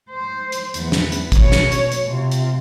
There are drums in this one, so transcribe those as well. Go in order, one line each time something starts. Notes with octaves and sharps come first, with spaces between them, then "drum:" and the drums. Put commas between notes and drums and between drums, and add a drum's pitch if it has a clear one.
C5
drum: hi-hat
E2 B3, drum: hi-hat
drum: snare
drum: hi-hat
B2 C#5, drum: kick, hi-hat
drum: snare
drum: hi-hat
drum: hi-hat
C3 F4
drum: hi-hat